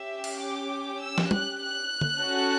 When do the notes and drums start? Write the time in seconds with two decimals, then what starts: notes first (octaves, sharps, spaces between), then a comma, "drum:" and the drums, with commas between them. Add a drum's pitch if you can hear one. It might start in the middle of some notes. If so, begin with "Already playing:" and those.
Already playing: C#4 G4 E5
0.24 drum: cymbal
0.42 D6
1.02 E6
1.18 drum: snare
1.31 F#6, drum: tom
1.62 F#6
2.01 drum: tom D3
2.20 C#4 F#4 A4